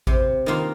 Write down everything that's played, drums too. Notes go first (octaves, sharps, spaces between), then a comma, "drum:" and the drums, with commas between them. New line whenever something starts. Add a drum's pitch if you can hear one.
C3, drum: kick A1
D#3 A#3 F4